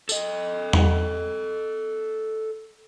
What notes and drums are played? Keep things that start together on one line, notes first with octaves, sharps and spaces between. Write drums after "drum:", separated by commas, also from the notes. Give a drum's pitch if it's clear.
A4 D#5, drum: tambourine
drum: tom E2